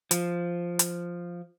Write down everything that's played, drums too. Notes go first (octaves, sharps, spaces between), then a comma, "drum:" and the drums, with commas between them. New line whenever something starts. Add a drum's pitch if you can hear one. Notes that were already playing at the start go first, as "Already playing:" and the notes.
F3, drum: hi-hat
drum: hi-hat